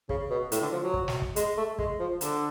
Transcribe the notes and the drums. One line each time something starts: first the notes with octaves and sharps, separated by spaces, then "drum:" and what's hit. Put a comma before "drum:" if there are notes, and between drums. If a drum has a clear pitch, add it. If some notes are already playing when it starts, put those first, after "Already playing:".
C#3, drum: kick
B2
A2, drum: hi-hat
D3
F3
F#3
drum: kick
drum: snare
drum: kick
G#3, drum: hi-hat
A3
G#3, drum: kick
F3
D3, drum: hi-hat